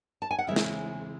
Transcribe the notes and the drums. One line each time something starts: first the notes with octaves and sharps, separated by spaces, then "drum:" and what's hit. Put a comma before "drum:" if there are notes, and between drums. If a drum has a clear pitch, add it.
A5
G#5
F#5
C#3 E3 G#3 C4 E5
drum: snare